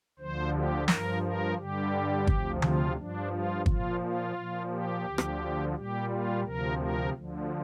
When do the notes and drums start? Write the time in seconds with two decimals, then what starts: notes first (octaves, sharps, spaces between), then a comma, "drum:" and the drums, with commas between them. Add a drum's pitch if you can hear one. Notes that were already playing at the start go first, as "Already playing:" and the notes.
0.19 D2 D3 F3 C5
0.53 G4
0.88 G2 F3 A#4, drum: snare
1.23 A#4
1.57 G2 D3 G3 G4
2.27 D2 C3 F3, drum: kick
2.62 F4, drum: tom D3
2.97 G2 F3 D4
3.31 F4
3.66 A#2 F3 F4, drum: kick
4.00 F4
4.36 A#2 F3
4.71 G4
5.05 D2 D3 F3
5.18 drum: rim click
5.74 A#2 G3 G4
6.09 F4
6.44 D2 C3 F3 A#4
6.78 A#4
7.13 D2 D3 F3